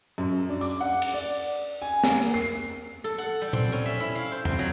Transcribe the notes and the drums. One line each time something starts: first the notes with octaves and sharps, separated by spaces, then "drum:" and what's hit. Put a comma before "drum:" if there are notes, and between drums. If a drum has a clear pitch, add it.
F#2
D4
D6, drum: open hi-hat
F#5
drum: cymbal
D5
G#5
A#3, drum: snare
C7
A4
F#5
G3
C4, drum: tom A#2
C#4
E5
E4
F5
C5
C4, drum: tom E2
F#3